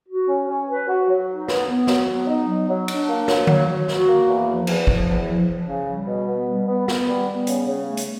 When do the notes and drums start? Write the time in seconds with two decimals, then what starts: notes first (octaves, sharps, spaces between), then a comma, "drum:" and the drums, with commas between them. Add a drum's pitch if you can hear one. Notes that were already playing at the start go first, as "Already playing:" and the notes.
0.09 F#4
0.28 C#4
0.48 C#4
0.68 B4
0.88 F#4
1.08 F#3
1.29 D#4
1.48 B3, drum: snare
1.68 B3
1.87 F#3, drum: snare
2.07 B3
2.27 D#4
2.48 F#3
2.68 F#3
2.88 D4, drum: cymbal
3.08 A#3
3.28 F#3, drum: snare
3.47 F#3, drum: tom D3
3.68 F#3
3.88 F#4, drum: snare
4.07 A#3
4.27 E2
4.48 F3
4.67 E2, drum: cymbal
4.87 F3, drum: kick
5.08 E2
5.28 F3
5.47 F3
5.67 C#3
5.88 G3
6.07 B2
6.28 B3
6.47 G3
6.67 B3
6.88 B3, drum: snare
7.08 G3
7.28 B3
7.47 C#3, drum: hi-hat
7.67 C#3
7.87 A3
7.97 drum: hi-hat